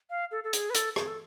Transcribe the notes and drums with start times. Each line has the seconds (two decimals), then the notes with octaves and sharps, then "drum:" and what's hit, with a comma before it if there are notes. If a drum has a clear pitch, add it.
0.10 F5
0.31 A4
0.44 A4
0.53 G#4, drum: hi-hat
0.70 B4
0.75 A4, drum: hi-hat
0.96 G#4, drum: rim click
1.07 A4